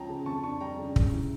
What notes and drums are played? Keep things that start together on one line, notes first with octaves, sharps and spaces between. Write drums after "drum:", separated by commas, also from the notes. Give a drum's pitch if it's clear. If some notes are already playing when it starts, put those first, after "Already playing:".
Already playing: C#2 F3 C#4 G5 A5 A#5
C#3
F2 A5 C#6
D4 A5 C#6
G3 G5 A#5
C#3
C#3, drum: kick
E4